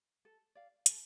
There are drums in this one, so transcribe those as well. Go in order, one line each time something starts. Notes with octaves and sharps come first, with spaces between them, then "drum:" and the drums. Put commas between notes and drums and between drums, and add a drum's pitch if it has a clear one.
A4
D5 F5
A4, drum: hi-hat